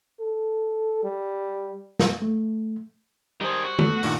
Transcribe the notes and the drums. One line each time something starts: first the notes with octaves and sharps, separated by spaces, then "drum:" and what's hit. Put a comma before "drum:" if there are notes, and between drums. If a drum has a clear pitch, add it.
A4
G3
drum: snare
A3
D#3 G3 G#4 C5
F#4
A3 B3, drum: tom D3
G2 A#2 D#3, drum: open hi-hat